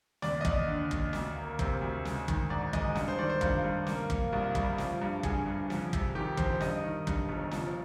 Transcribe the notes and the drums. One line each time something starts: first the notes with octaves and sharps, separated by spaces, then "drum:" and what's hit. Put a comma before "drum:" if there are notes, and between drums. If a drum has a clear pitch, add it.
D#2 D5, drum: snare
D#5
D#2 D5, drum: kick
D3
D#2, drum: kick
D2, drum: snare
A#3
C3 C5, drum: kick
D2
G#3, drum: snare
D#3, drum: kick
G#2 D5
G#3 D#5, drum: kick
G2, drum: snare
C5
D#3 D5
C5
G2 F4, drum: kick
G2
A#3, drum: snare
A#3, drum: kick
C2 F4
G3, drum: kick
F3, drum: snare
G2
D3 G#4, drum: kick
G2
F2, drum: snare
C3, drum: kick
D#3 G4
F2 C5, drum: kick
G2 D#5, drum: snare
D#3
G2, drum: kick
G1
F3, drum: snare